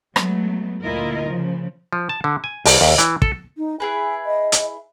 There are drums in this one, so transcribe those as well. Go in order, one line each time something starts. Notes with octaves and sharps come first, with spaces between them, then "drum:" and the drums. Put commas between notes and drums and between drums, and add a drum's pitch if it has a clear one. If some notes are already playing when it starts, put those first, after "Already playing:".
F#3 G#3 A3 B3, drum: rim click
D2 A#2 E4 F4 A#4 D#5
C#3 F3
F3
A5
D3
G#5
C2, drum: open hi-hat
D#2
E3, drum: hi-hat
A4, drum: kick
D#4
E4 G#4 B4 G#5
D#5
drum: hi-hat